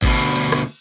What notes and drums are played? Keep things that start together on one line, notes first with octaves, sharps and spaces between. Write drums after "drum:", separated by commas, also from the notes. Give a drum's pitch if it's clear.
D2 B2, drum: kick G#1, cymbal
drum: cymbal
drum: cymbal
drum: rim click